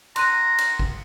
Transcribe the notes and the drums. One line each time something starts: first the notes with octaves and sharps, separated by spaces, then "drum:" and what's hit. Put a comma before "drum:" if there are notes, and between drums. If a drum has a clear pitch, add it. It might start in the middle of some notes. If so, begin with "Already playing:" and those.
A#5 C6 F#6 D#7, drum: cymbal
drum: cymbal
drum: kick